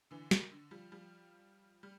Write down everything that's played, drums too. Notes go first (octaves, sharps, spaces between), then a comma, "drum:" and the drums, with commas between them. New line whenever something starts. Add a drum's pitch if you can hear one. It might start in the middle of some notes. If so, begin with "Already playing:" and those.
D3 E3
D#3, drum: snare
D3
F3 G3
F3 G3
G3